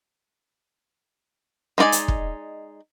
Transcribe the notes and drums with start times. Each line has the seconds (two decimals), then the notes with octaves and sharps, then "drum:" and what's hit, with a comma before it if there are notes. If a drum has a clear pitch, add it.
1.78 G#3 D#4 E4 D5 G#5
1.92 drum: hi-hat
2.08 drum: kick